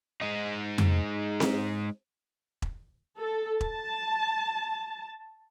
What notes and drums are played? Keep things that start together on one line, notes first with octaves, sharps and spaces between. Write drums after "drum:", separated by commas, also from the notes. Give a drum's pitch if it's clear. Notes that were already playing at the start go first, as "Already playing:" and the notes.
G#3 D#4
drum: tom F2
drum: snare C4
drum: kick E1
A4
A5, drum: kick E1